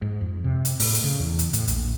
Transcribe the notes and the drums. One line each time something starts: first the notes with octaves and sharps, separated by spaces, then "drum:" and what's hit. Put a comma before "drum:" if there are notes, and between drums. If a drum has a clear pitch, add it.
G#2
F2
C3
drum: hi-hat
A2, drum: open hi-hat
drum: hi-hat
C#3
E2
drum: hi-hat
A2, drum: hi-hat
A#1, drum: hi-hat